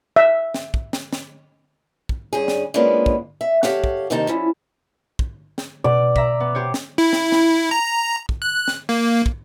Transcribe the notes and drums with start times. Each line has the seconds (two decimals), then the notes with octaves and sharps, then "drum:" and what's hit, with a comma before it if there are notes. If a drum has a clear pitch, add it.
0.16 E5
0.54 drum: snare
0.74 drum: kick
0.93 drum: snare
1.13 drum: snare
2.09 drum: kick
2.33 G2 C#4 G#4
2.48 drum: snare
2.74 G#3 A#3 B3 C#4 D4 F4
3.06 drum: kick
3.41 E5
3.63 G4 A4 C#5 F5 F#5, drum: snare
3.84 drum: kick
4.10 D#2 C3 D#3 D#4 E4 A5
4.27 F3 C#4 E4
5.19 drum: kick
5.58 drum: snare
5.84 B2 D5
6.16 E5 A#5 B6, drum: kick
6.40 B3
6.55 G4 C5 C#5
6.74 drum: snare
6.98 E4
7.13 drum: snare
7.32 drum: snare
7.71 A#5
8.29 drum: kick
8.42 F#6
8.68 drum: snare
8.89 A#3
9.26 drum: kick